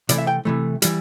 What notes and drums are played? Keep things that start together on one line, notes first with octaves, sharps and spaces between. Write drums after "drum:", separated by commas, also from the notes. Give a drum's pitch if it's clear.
C3 E3 A3 D5, drum: hi-hat
E5
G5
C3 E3 A3
E3 G3, drum: hi-hat